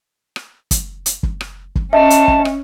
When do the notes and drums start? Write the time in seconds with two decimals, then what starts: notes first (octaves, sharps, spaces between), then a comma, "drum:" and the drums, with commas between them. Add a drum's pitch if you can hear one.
0.36 drum: rim click
0.71 drum: kick, hi-hat
1.06 drum: hi-hat
1.23 drum: kick
1.41 drum: rim click
1.75 drum: kick
1.93 C#4 D#5 E5 A5
2.10 drum: hi-hat
2.28 drum: kick
2.45 drum: rim click